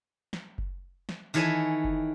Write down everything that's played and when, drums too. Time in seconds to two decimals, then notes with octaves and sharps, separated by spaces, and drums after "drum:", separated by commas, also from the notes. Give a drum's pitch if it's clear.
0.33 drum: snare
0.58 drum: kick F#1
1.09 drum: snare
1.34 D#3 E3 A4 C#5 E5 G#5
1.84 drum: kick F#1